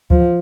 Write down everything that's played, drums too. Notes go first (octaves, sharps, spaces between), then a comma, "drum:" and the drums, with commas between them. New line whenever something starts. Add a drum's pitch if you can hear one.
F3, drum: kick D2